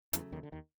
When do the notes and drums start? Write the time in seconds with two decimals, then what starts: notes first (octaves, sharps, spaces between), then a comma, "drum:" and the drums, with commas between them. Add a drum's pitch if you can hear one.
0.13 E2 C#3 E3 F#3 A3, drum: hi-hat
0.32 D#2 D#3
0.43 D3
0.52 D#2 D#3